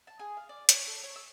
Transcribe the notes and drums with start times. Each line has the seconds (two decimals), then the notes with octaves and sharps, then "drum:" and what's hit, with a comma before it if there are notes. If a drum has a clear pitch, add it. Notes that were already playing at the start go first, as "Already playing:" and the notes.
0.07 A5
0.19 G#4
0.37 F5
0.49 D5
0.69 C#5, drum: hi-hat
0.87 A4
1.03 C#5
1.16 E6